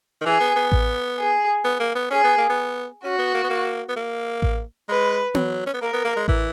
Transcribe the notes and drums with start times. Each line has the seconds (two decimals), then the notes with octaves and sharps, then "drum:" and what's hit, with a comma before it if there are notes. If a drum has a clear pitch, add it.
0.21 D#3
0.25 E3 G#4
0.40 B3
0.56 B3
0.72 drum: kick A1
1.18 G#4
1.64 B3
1.80 A#3
1.95 B3
2.11 C#4 G#4
2.24 B3
2.37 A#3
2.50 B3
3.03 C#4 F#4
3.19 B3
3.34 A#3
3.44 B3
3.50 A#3
3.89 B3
3.96 A#3
4.42 drum: kick A1
4.88 G#3 B4
5.35 F#3, drum: tom B3
5.66 C#4
5.74 B3
5.81 A#3 A#4
5.93 B3
6.05 A#3
6.16 G#3
6.28 E3, drum: kick A1